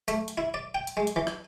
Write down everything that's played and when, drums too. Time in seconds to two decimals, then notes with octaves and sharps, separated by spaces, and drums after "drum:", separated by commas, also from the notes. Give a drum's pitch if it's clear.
0.08 A3, drum: hi-hat
0.28 drum: hi-hat
0.38 E4
0.54 D5
0.75 G5
0.87 drum: hi-hat
0.97 G#3
1.07 drum: hi-hat
1.16 E3
1.27 drum: rim click